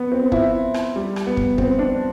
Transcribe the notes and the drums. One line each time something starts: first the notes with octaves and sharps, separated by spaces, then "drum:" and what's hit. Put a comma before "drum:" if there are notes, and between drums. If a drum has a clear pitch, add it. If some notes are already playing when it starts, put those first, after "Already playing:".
Already playing: B3
C4
E4, drum: kick
drum: rim click
G3
drum: rim click
B3
drum: kick
C4, drum: kick
D4